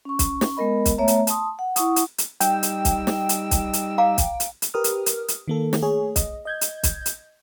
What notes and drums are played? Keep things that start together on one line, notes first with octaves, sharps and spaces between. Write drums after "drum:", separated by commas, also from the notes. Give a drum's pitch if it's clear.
C#4 C#6
drum: kick B1, hi-hat
drum: snare
G#3 B3 A#4 D#5 B5
drum: kick B1, hi-hat
A3 B3 C#5 E5 A#5
drum: hi-hat
A5 C6 D#6, drum: hi-hat
F#5
E4 F#5 C#6 D#6, drum: hi-hat
drum: hi-hat
drum: hi-hat
G3 D#4 G5 E6, drum: hi-hat
drum: hi-hat
drum: kick B1, hi-hat
drum: snare
drum: hi-hat
drum: kick B1, hi-hat
drum: hi-hat
F5 A#5 D6
drum: kick B1, hi-hat
drum: hi-hat
drum: hi-hat
G4 A#4 B4 D#6 F6
drum: hi-hat
drum: hi-hat
drum: hi-hat
D#3 A#3 A4
drum: snare
A3 G#4 C#5
D#5, drum: kick B1, hi-hat
D#5 G6 G#6
drum: hi-hat
drum: kick B1, hi-hat
drum: hi-hat